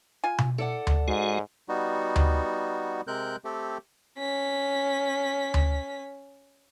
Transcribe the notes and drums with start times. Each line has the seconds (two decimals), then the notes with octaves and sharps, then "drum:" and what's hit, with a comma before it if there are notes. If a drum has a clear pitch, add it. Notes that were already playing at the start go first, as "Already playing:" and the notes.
0.24 F4 G#5
0.38 drum: tom B2
0.58 E4 A4 D5 F#5
0.87 drum: tom D2
1.08 G#2 G#3 F#4
1.69 G3 B3 D#4 F#4
2.16 drum: tom D2
3.07 C3 G#3 C4 A#4 F#6 G6
3.45 A3 C4 G4 A4
4.18 C#4 B6
5.54 drum: tom D2